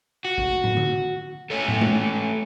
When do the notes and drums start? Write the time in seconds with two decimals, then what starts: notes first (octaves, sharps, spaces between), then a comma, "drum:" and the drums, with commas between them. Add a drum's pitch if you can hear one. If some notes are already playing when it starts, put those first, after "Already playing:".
0.25 F#4
0.38 drum: kick
0.64 drum: tom
0.77 drum: tom D3
1.50 A3 C#4
1.68 drum: tom
1.81 drum: tom G#3